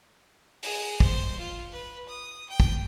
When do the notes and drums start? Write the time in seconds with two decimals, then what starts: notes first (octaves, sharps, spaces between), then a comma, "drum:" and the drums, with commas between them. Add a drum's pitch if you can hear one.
0.63 G#4, drum: open hi-hat
1.00 C5, drum: kick
1.39 F4
1.72 B4
2.08 D#6
2.49 G5
2.60 drum: kick